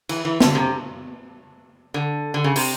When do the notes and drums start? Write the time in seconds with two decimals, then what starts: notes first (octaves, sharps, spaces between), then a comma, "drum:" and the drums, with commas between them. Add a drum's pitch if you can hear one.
0.09 E3, drum: cymbal
0.25 E3
0.40 D3, drum: snare
0.55 C3
1.94 D3
2.34 D3
2.44 C#3
2.56 C3, drum: open hi-hat